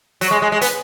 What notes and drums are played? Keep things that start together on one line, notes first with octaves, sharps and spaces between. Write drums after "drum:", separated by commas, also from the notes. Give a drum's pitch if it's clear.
F#3, drum: hi-hat
G#3
G#3
G#3
B3, drum: hi-hat